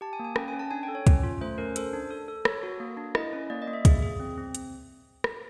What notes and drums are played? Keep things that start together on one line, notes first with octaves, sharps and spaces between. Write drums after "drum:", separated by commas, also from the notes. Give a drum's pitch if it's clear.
G4 A5
G#5
A#3
G#5
C#4 G5, drum: rim click
G#5
C#4
A5
D4 G#5
G5
A4
C#5
C#4, drum: kick, hi-hat
F4
A3 C5
C#4 A#4
A4 C5, drum: hi-hat
D4
A4
A4
A4 C#5, drum: rim click
F#4
A#3
D4
E4 D#5, drum: rim click
C#4
A#3 D5
D#5
A#3
E5
G#4, drum: kick, hi-hat
G#4
C4
C4
drum: hi-hat
drum: rim click